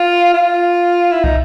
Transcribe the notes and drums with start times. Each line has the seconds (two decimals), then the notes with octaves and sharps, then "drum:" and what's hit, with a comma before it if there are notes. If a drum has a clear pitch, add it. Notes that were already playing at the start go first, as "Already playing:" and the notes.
Already playing: F4
0.34 F4
1.12 E4
1.24 D#4, drum: kick